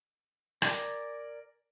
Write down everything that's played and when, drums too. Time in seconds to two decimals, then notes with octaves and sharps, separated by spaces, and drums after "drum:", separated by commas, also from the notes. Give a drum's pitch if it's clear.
0.62 A#4 D5 G#5, drum: rim click